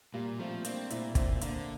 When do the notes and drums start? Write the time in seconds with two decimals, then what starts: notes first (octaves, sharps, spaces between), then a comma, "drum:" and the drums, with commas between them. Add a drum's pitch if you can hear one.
0.14 A#2 G3 A#3
0.39 F3 A3 C4
0.65 A#3 C4 D4, drum: hi-hat
0.90 A#2 C4 E4, drum: hi-hat
1.15 A#2 C4 E4, drum: kick, hi-hat
1.36 C4
1.41 D3 A#3 D4, drum: hi-hat